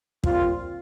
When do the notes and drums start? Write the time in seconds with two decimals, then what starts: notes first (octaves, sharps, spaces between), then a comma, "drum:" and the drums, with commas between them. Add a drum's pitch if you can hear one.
0.24 A#2 G3 C4 F4, drum: kick